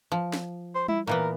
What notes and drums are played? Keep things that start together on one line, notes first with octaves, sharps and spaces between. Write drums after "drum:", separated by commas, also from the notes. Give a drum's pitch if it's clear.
F3
drum: snare
C5
E4, drum: tom G3
A#2 E3 B3 A#4